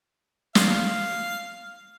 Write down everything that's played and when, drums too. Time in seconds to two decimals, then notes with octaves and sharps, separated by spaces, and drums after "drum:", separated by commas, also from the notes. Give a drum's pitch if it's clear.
0.55 F5, drum: snare